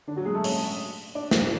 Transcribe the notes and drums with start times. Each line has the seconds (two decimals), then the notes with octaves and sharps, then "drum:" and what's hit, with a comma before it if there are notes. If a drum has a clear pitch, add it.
0.07 D3 D4
0.16 F#3 F#4
0.25 G#3 G#4
0.35 A3 A4
0.44 C#4 C#5, drum: open hi-hat
1.15 D4 D5
1.31 drum: snare